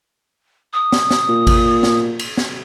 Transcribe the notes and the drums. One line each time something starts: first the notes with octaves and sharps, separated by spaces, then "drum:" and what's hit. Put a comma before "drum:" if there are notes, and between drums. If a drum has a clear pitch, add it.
D#6
drum: snare
drum: snare
A#2
drum: kick G#1, cymbal
drum: snare
drum: cymbal
drum: snare